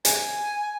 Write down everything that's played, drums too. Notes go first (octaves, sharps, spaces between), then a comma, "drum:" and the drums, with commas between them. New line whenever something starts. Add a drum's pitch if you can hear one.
G#5, drum: hi-hat